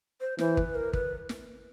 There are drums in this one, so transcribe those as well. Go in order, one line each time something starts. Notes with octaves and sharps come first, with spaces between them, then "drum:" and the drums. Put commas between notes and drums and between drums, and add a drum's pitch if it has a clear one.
C5
E3 C5, drum: snare
B4, drum: kick
A#4
B4, drum: kick
drum: snare